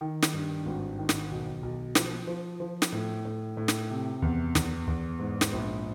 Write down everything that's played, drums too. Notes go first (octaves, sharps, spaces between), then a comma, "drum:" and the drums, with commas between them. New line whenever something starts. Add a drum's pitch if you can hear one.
D#3
drum: snare
G2
G#1
D#3
drum: snare
B1
B1
F3, drum: snare
F3
F3
drum: snare
A2
A2
A2
drum: snare
C3
E2
E2, drum: snare
E2
G#2
drum: snare
A#1